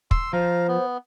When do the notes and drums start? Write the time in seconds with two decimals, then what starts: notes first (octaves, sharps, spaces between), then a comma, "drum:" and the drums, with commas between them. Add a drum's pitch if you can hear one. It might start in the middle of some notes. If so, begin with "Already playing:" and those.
0.11 C6 E6, drum: kick
0.33 F3 C5 F5 A#5
0.68 B3